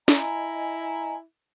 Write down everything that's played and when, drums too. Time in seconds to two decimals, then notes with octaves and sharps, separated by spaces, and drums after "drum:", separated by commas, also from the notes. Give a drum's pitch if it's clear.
0.08 E4 D#5 G#5 A#5, drum: snare